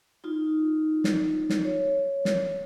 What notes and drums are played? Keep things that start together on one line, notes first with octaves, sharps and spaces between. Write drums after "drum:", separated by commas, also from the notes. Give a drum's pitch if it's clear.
D#4 F4
drum: snare
drum: snare
C#5
drum: snare